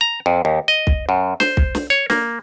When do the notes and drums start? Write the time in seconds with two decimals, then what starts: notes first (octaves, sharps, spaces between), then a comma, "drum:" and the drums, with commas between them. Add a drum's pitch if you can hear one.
0.01 A#5
0.26 F2
0.45 D#2
0.68 D#5
0.87 drum: kick
1.09 F#2
1.40 C5, drum: snare
1.57 drum: kick
1.75 drum: snare
1.90 C#5
2.10 A#3, drum: snare